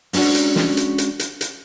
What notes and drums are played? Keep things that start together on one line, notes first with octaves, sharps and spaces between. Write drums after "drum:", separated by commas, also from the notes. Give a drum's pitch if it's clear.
G#3 C#4 D4 F#4 C#5, drum: open hi-hat
drum: hi-hat
drum: snare
drum: hi-hat
drum: hi-hat
drum: hi-hat
drum: hi-hat